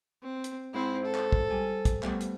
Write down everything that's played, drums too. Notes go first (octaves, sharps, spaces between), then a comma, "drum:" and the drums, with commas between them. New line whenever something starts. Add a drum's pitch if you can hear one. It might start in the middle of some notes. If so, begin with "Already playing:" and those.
C4
drum: hi-hat
G#2 C4 E4 C5
A4
drum: clap
drum: kick
G3 G#5
drum: kick, hi-hat
G3 A3 B3, drum: clap
drum: hi-hat